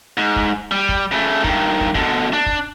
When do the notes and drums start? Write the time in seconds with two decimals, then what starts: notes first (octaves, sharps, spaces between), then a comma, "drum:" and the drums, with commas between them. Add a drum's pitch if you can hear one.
0.17 G#2
0.36 drum: kick
0.71 G3
0.89 drum: kick
1.12 C#3 A3
1.44 G2 D#3, drum: kick
1.81 drum: kick
1.95 B2 D3, drum: kick
2.33 D4
2.46 drum: kick